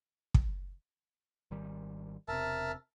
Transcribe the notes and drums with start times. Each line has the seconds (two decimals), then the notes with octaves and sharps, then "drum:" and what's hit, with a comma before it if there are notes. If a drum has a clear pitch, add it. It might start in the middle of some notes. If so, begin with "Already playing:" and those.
0.34 drum: kick
1.51 G#1 D#3 G3
2.28 E1 C3 A#4 E5 A5